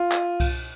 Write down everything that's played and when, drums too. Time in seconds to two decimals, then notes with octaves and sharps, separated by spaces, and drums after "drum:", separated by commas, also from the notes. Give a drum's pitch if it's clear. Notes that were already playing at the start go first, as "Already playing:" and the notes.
Already playing: F4
0.12 drum: clap
0.40 drum: kick C2, cymbal